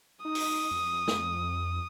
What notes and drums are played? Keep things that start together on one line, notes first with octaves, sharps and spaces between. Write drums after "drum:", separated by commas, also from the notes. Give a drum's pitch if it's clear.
D#4 D#6
drum: open hi-hat
F2
drum: snare